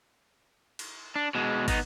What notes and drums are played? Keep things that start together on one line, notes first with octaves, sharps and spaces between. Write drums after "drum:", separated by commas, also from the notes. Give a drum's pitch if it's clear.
drum: cymbal
D4
B2 G#3
B3 D#4, drum: kick, cymbal